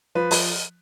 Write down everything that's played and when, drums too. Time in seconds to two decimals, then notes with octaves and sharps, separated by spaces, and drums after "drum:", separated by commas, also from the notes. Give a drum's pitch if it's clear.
0.15 F3 B4
0.31 F3, drum: open hi-hat